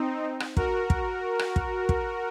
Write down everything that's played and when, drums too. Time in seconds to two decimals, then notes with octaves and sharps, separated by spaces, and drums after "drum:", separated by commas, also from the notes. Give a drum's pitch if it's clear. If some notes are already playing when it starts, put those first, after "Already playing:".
Already playing: C4 D#4
0.40 drum: rim click
0.57 F#4 A#4, drum: kick
0.90 drum: kick
1.39 drum: rim click
1.56 drum: kick
1.89 drum: kick